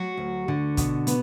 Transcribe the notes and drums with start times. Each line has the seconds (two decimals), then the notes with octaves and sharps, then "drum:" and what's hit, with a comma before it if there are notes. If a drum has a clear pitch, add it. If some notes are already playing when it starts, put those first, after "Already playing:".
Already playing: F#3 F#4
0.17 D2
0.48 D3
0.77 B2, drum: kick, hi-hat
1.07 B3, drum: hi-hat